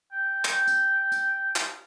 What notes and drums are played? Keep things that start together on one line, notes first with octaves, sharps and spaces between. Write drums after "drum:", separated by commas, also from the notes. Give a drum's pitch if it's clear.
G5
G5, drum: clap
drum: hi-hat
drum: hi-hat
drum: clap